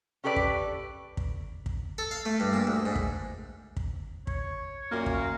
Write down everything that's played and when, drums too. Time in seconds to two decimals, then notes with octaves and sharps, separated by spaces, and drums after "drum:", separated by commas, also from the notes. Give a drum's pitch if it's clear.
0.24 C#4 G4 A4 B4 D5
0.36 drum: kick
1.17 drum: kick
1.66 drum: kick
1.98 A4
2.11 F5
2.26 A3
2.40 G2
2.53 A#2
2.67 D2
2.86 G#2
2.96 drum: kick
3.77 drum: kick
4.27 C#5, drum: kick
4.92 F#2 A#2 A#3
5.06 drum: kick